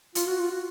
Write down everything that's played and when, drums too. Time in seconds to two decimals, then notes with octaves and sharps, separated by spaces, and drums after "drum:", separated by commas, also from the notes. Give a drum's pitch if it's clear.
0.15 F4, drum: hi-hat
0.27 F#4
0.40 F4
0.51 F#4